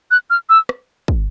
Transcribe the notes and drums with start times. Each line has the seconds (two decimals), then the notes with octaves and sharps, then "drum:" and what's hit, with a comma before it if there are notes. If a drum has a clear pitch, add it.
0.11 F#6
0.30 F6
0.49 E6
0.69 drum: rim click
1.08 drum: kick